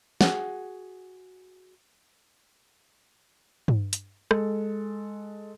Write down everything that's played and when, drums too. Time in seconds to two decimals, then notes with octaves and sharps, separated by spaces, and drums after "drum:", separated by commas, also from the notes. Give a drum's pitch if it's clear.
0.21 F#4 G#4 F#5, drum: snare
3.68 drum: tom
3.93 drum: hi-hat
4.31 G#3 A4, drum: rim click